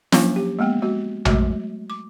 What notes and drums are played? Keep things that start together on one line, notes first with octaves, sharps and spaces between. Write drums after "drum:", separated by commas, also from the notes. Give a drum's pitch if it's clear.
F3 F#3 A#3 C#4 D4, drum: snare
G4
G#3 A#3 B3 G5
G#3 F#4
F#3 G#3 A3 F#4, drum: tom A#1
D6